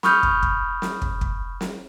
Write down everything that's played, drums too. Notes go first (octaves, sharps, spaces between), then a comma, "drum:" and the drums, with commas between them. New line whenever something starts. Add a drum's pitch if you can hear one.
B5 C#6 D#6 F6 G6, drum: snare
drum: kick
drum: kick
drum: snare
drum: kick
drum: kick
drum: snare